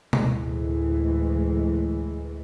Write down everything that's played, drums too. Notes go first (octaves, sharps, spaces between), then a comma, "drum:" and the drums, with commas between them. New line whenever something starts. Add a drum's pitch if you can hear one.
D2 A2 E3 G#3, drum: tom B2